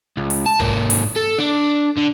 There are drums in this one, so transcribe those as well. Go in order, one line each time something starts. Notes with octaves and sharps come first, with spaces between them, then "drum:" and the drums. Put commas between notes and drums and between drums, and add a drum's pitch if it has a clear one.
C#2
drum: open hi-hat
A5
G#2 A#3, drum: kick
drum: open hi-hat
A4
D4
D3